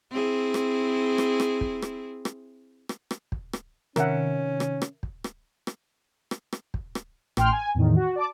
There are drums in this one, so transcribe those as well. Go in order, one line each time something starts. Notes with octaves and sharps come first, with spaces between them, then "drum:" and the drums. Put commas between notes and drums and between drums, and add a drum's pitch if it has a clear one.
C4 E4 G#4
drum: rim click
drum: rim click
drum: rim click
drum: kick
drum: rim click
drum: rim click
drum: rim click
drum: rim click
drum: kick
drum: rim click
C3 D#3 C#4 A#4 E5 F#5, drum: rim click
drum: rim click
drum: rim click
drum: kick
drum: rim click
drum: rim click
drum: rim click
drum: rim click
drum: kick
drum: rim click
A1 G5 C6 F6, drum: rim click
G#5
E2 A2 D#3
F#4
D5 A5 D6